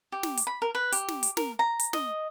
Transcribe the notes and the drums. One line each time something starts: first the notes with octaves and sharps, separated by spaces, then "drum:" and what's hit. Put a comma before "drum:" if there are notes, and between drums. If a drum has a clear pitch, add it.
G4
drum: snare
drum: hi-hat
B5
A#4
B4
G4, drum: hi-hat
drum: snare
drum: hi-hat
A#4, drum: snare
A#5
drum: hi-hat
D#5, drum: snare